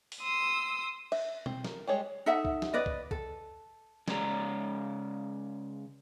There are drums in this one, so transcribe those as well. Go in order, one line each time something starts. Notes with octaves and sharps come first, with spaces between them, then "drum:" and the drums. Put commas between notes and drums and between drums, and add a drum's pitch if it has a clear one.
drum: open hi-hat
C6 D#6 E6
E5, drum: cymbal
C4, drum: tom B2
A#4, drum: snare
G3 G#3 C#5
D#4 A4 E5 F#5
drum: kick C2
drum: snare
B4 D5 D#5
drum: kick C2
A4, drum: kick C2
C#3 G#3 C#5 D5 A5 A#5, drum: snare